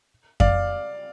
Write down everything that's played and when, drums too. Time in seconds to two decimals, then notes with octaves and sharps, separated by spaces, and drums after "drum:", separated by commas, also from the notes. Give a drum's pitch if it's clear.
0.40 D5 F5, drum: kick F2